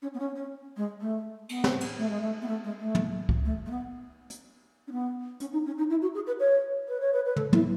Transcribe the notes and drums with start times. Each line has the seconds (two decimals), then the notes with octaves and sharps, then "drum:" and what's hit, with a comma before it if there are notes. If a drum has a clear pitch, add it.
0.02 C#4
0.13 B3
0.19 C#4
0.35 C#4
0.76 G#3
1.01 A3
1.49 B3, drum: cymbal
1.64 drum: snare
1.81 drum: cymbal
1.98 A3
2.09 G#3
2.21 A3
2.41 B3
2.47 A3
2.63 G#3
2.80 A3
2.95 drum: tom
3.29 drum: kick
3.45 A3
3.66 A3
3.70 B3
4.30 drum: hi-hat
4.87 C#4
4.91 B3
5.40 C#4, drum: hi-hat
5.52 D#4
5.66 C#4
5.78 D#4
5.90 E4
6.01 F#4
6.14 G#4
6.26 B4
6.39 C#5
6.88 B4
7.00 C#5
7.13 B4
7.25 B4
7.36 A4, drum: tom
7.53 E4, drum: tom